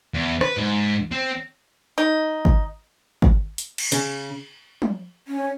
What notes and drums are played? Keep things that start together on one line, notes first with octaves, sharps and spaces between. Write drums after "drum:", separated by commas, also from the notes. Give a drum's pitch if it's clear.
E2
B4, drum: rim click
G#2
C4
D#4
drum: kick G#1
drum: kick G#1
drum: hi-hat
drum: cymbal
C#3, drum: hi-hat
drum: tom
C#4